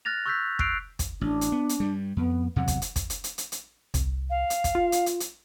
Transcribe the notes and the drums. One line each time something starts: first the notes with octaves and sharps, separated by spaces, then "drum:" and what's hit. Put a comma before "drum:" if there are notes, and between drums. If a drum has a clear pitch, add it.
F6 F#6 A6 A#6 F7
C#6 E6 F#6 G6 A#6 B6
C#6 E6 F#6 C7 D7 F7, drum: kick
drum: kick, hi-hat
A1 D4
drum: hi-hat
B3
drum: hi-hat
G2 G3
F2 B3
E2 C3 F#3 F#5
drum: kick, hi-hat
drum: hi-hat
drum: kick, hi-hat
drum: hi-hat
drum: hi-hat
drum: hi-hat
drum: hi-hat
C2, drum: kick, hi-hat
F5
drum: hi-hat
drum: kick, hi-hat
F4
drum: hi-hat
drum: hi-hat
drum: hi-hat